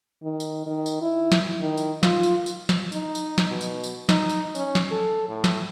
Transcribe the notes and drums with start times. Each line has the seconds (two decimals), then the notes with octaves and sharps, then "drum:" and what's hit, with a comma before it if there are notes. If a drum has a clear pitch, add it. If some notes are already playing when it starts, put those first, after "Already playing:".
0.23 D#3
0.40 drum: tambourine
0.67 D#3
0.86 drum: tambourine
1.02 E4
1.32 drum: snare
1.61 D#3
1.77 drum: tambourine
2.03 F4, drum: snare
2.23 drum: tambourine
2.46 drum: tambourine
2.69 drum: snare
2.92 D#4, drum: tambourine
3.15 drum: tambourine
3.38 drum: snare
3.48 B2
3.61 drum: tambourine
3.84 drum: tambourine
4.09 D#4, drum: snare
4.29 drum: tambourine
4.55 C#4, drum: tambourine
4.75 drum: snare
4.91 A4
5.29 A2
5.44 drum: snare